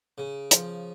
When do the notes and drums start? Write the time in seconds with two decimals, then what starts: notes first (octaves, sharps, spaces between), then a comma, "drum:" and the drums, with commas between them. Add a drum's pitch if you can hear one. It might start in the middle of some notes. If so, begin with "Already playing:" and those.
0.18 C#3
0.51 F3, drum: hi-hat